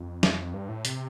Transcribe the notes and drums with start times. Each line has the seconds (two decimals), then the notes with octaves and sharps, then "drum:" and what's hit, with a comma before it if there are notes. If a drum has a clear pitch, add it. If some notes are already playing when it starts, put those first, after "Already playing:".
Already playing: F2
0.23 drum: snare
0.54 G2
0.69 A2
0.85 C3, drum: hi-hat